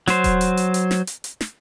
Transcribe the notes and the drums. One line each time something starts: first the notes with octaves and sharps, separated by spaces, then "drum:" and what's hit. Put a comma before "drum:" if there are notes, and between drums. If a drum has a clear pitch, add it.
F#3 C5, drum: snare
drum: kick D#1, hi-hat
drum: hi-hat
drum: hi-hat
drum: hi-hat
drum: snare
drum: hi-hat
drum: hi-hat
drum: snare